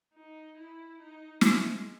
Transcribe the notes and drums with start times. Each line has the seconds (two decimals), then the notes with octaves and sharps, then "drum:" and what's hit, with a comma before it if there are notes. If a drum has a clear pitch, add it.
0.14 D#4
0.57 E4
1.00 D#4
1.41 G#3, drum: snare